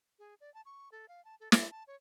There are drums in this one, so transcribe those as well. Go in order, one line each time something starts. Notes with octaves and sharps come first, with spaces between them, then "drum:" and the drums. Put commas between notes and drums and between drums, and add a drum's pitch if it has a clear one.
G#4
D5
A5
C#6
A4
F5
A5
A4
D6, drum: snare
A5
C#5